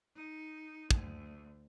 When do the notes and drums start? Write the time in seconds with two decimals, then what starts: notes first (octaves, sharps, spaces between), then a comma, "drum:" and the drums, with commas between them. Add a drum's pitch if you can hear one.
0.15 D#4
0.91 D2, drum: kick